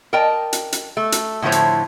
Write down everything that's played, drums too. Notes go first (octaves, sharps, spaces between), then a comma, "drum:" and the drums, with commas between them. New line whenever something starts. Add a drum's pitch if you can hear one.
A#4 D5 D#5 G5 A5
drum: hi-hat
drum: hi-hat
A3
drum: hi-hat
A2 D3 F3 E4 C5 C#5
drum: hi-hat